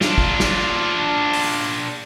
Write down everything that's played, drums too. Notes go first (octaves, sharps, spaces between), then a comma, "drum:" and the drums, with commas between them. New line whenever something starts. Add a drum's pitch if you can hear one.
D4 F4, drum: snare
drum: kick
drum: snare
drum: open hi-hat